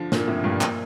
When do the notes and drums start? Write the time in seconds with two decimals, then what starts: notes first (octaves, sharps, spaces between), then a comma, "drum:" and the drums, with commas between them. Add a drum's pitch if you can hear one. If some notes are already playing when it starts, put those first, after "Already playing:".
Already playing: D3 F3
0.12 A#2 D3, drum: snare
0.28 A2 C3
0.44 G2 A#2
0.61 A#2, drum: clap